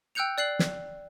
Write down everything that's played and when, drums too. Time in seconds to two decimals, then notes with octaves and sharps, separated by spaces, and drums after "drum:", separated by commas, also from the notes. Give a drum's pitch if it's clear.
0.15 G5 E6 F#6 G6 C#7 F7
0.38 D5 F#6 C7 F#7
0.59 drum: snare